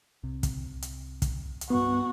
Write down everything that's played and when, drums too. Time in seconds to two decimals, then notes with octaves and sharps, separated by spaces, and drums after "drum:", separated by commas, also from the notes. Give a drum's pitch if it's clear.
0.23 C2 C3
0.43 drum: kick, hi-hat
0.82 drum: hi-hat
1.22 drum: kick, hi-hat
1.61 drum: hi-hat
1.70 G2 B3 F#4